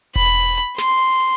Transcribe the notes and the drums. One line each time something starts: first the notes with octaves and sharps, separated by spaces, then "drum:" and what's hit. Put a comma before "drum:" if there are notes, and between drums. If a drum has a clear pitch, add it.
B5, drum: kick E1
C6, drum: snare